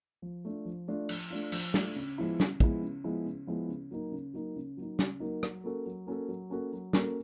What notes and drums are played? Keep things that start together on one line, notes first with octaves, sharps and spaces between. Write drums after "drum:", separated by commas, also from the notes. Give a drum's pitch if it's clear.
F3
A3 D4 F4
F3
A3 D4 F4
F3, drum: cymbal
A3 D4 F4
F3, drum: cymbal
A3 D4 F4, drum: snare
C#3
F3 G#3 B3 E4
C#3, drum: snare
F3 G#3 B3 E4, drum: kick
C#3
F3 G#3 B3 E4
C#3
F3 G#3 B3 E4
C#3
F#3 A#3 D#4
C#3
F#3 A#3 D#4
C#3
F#3 A#3 D#4
C#3, drum: snare
F#3 A#3 D#4
F#3, drum: rim click
A#3 C#4 F#4 A4
F#3
A#3 C#4 F#4 A4
F#3
A#3 C#4 F#4 A4
F#3
A#3 C#4 F#4 A4, drum: snare